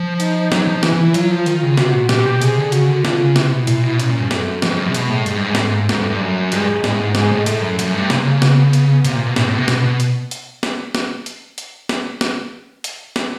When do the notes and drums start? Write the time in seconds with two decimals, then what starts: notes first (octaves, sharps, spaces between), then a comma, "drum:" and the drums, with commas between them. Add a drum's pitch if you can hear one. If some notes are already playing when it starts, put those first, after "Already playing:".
Already playing: F3
0.20 D#4, drum: hi-hat
0.52 F#3, drum: snare
0.68 F3
0.83 E3 E4, drum: snare
0.93 E3
1.05 E3
1.14 F#3 F4, drum: hi-hat
1.31 F3
1.46 D#3, drum: hi-hat
1.63 C#3
1.77 C3 F#4, drum: snare
1.94 A#2
2.09 A#2 G4, drum: snare
2.26 B2
2.41 C3 G#4, drum: hi-hat
2.58 D3
2.72 C#3 F#4, drum: hi-hat
2.89 D3
3.05 D3 F4, drum: snare
3.20 C#3
3.36 C3 E4, drum: snare
3.52 B2
3.67 A#2, drum: hi-hat
3.83 B2
3.99 A#2 C#4, drum: hi-hat
4.10 A#2
4.20 G2
4.31 F#2 A3, drum: snare
4.62 F2 G#3, drum: snare
4.79 F#2
4.89 C3
4.94 B2, drum: hi-hat
5.09 A2
5.26 G2, drum: hi-hat
5.32 G#2
5.37 G2
5.46 G#2
5.55 A2 A3, drum: snare
5.63 G#2
5.89 G#2 A3, drum: snare
5.99 G2
6.10 G2
6.21 F#2
6.52 G2 G#3, drum: hi-hat
6.84 A2 G#3, drum: snare
7.00 G#2
7.15 G#2 G#3, drum: snare
7.32 A2
7.46 A2 A3, drum: hi-hat
7.62 F#2
7.79 F#2 A3, drum: hi-hat
7.95 G2
8.10 C3 A#3, drum: snare
8.26 C#3
8.42 B3, drum: snare
8.73 drum: hi-hat
9.05 C3 A#3, drum: hi-hat
9.15 A#2
9.26 B2
9.36 A2 B3, drum: snare
9.48 A2
9.58 C3
9.68 B2, drum: snare
9.84 B2
10.00 drum: hi-hat
10.31 drum: hi-hat
10.63 drum: snare
10.95 drum: snare
11.26 drum: hi-hat
11.58 drum: hi-hat
11.89 drum: snare
12.21 drum: snare
12.84 drum: hi-hat
13.16 drum: snare